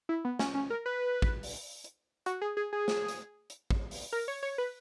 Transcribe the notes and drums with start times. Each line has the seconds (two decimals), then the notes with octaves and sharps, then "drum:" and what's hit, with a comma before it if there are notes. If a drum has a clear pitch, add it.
0.09 E4
0.25 B3
0.39 C#4, drum: snare
0.55 C#4
0.70 A#4
0.86 B4
1.22 drum: kick
1.43 drum: open hi-hat
1.84 drum: hi-hat
2.26 F#4, drum: hi-hat
2.41 G#4
2.57 G#4
2.73 G#4
2.88 drum: snare
3.08 drum: hi-hat
3.50 drum: hi-hat
3.71 drum: kick
3.91 drum: open hi-hat
4.12 A#4
4.28 C#5
4.43 C#5
4.58 B4